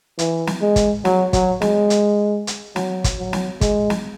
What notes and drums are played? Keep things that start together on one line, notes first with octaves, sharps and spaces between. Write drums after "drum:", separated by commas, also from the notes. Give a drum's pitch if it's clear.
E3, drum: hi-hat
drum: snare
G#3
drum: kick, hi-hat
F#3, drum: snare
F#3, drum: kick, hi-hat
G#3, drum: snare
drum: hi-hat
drum: hi-hat
F#3, drum: snare
drum: kick, hi-hat
F#3
drum: snare
G#3, drum: kick, hi-hat
drum: snare